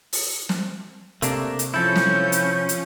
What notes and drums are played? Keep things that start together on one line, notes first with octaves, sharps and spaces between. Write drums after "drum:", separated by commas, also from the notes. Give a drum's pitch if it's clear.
drum: open hi-hat
drum: snare
C3 A3 A#3 D4, drum: hi-hat
drum: hi-hat
F3 C#4 E4 A4 G6
drum: snare
drum: hi-hat
drum: hi-hat